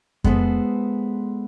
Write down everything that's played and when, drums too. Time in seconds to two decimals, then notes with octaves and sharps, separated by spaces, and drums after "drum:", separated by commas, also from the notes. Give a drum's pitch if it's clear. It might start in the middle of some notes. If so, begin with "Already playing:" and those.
0.24 G#3 B3 G#4 A4 B4 C5, drum: kick F2